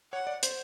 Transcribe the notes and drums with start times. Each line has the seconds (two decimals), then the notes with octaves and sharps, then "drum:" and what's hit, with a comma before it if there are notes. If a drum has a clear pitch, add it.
0.13 C#5 F#5
0.27 D5
0.43 C5, drum: hi-hat